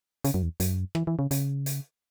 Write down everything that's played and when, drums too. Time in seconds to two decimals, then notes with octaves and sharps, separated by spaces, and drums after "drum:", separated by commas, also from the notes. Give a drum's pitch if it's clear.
0.24 C#3, drum: hi-hat
0.34 F#2
0.43 E2
0.60 F#2, drum: hi-hat
0.95 E3, drum: rim click
1.07 E3
1.19 C#3
1.31 C#3, drum: hi-hat
1.66 drum: hi-hat